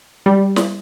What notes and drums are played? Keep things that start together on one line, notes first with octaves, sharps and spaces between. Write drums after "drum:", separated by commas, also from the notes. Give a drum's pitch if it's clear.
G3
drum: snare